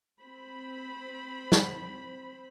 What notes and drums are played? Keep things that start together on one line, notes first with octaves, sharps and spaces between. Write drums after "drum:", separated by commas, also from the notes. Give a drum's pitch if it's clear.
C4 C5 B5
drum: snare